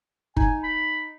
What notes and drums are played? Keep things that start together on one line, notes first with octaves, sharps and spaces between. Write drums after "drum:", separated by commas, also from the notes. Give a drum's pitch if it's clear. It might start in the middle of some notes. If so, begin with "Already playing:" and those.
D#4 G#5, drum: kick
B5